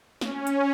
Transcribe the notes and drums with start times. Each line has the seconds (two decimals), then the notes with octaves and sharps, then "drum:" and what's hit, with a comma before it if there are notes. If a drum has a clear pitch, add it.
0.21 C#4, drum: snare
0.47 drum: hi-hat